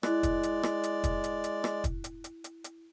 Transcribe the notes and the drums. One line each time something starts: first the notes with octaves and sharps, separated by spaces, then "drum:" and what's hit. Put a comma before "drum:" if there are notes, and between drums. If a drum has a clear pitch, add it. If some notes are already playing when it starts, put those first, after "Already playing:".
G#3 E4 D5 F#6, drum: rim click
drum: kick, hi-hat
drum: hi-hat
drum: rim click
drum: hi-hat
drum: kick, hi-hat
drum: hi-hat
drum: hi-hat
drum: rim click
drum: kick, hi-hat
drum: hi-hat
drum: hi-hat
drum: hi-hat
drum: hi-hat